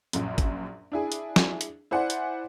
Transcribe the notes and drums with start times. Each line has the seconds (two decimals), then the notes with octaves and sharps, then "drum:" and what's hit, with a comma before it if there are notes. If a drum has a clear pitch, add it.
0.13 A#1 F#2, drum: hi-hat
0.38 drum: kick, hi-hat
0.92 D4 E4 G#4
1.12 drum: hi-hat
1.36 drum: snare
1.61 drum: hi-hat
1.91 E4 C5 D5 F#5 G#5
2.10 drum: hi-hat